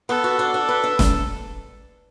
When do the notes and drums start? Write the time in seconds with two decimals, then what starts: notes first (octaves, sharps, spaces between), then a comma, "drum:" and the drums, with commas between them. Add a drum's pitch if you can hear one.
0.09 B3 A4
0.24 F#4
0.39 D4
0.54 D4
0.69 B4
0.84 D4
0.99 drum: snare